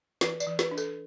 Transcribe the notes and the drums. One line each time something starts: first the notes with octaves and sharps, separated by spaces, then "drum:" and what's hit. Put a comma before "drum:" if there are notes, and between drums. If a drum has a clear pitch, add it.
E3 B4, drum: snare
D5, drum: tambourine
E3
B4, drum: snare
D4
A4, drum: tambourine